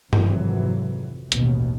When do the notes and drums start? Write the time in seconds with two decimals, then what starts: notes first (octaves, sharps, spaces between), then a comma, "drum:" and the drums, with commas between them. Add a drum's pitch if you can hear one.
0.13 G#1 F2 C3 E3 F#3, drum: tom G2
1.32 A1 D#2 B2, drum: hi-hat